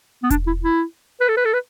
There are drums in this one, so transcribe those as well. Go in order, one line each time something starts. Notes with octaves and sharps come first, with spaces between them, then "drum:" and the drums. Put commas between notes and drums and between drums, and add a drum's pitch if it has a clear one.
B3
D4, drum: kick E1, hi-hat
E4
E4
B4
A4
B4
A4
B4